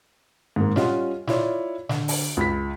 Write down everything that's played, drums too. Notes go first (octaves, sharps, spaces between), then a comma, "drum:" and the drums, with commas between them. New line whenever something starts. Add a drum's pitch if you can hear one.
G#2 A#3
G3 C#4 F4 D#5 F#5, drum: snare
E4 F4 C#5 D5, drum: snare
D3, drum: snare
drum: open hi-hat
C#2 B5 B6